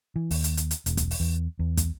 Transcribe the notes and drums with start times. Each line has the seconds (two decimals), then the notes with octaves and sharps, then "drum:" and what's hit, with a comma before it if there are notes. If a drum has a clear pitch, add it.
0.16 E3
0.31 D#2, drum: open hi-hat
0.44 drum: hi-hat
0.57 drum: hi-hat
0.71 drum: hi-hat
0.86 E1, drum: hi-hat
0.97 drum: kick, hi-hat
1.11 drum: open hi-hat
1.20 E2
1.59 E2
1.77 drum: kick, hi-hat